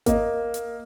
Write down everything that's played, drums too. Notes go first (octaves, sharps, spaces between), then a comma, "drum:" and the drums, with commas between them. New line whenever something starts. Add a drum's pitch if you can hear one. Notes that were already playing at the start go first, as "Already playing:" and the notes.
A#3 D#5, drum: kick G#1, hi-hat
drum: hi-hat